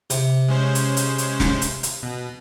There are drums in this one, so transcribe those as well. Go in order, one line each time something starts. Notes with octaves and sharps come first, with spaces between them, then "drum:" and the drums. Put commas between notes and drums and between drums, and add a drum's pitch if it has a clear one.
C3, drum: hi-hat
G#3 C#4 C5
drum: hi-hat
drum: hi-hat
drum: hi-hat
drum: snare
drum: hi-hat
drum: hi-hat
B2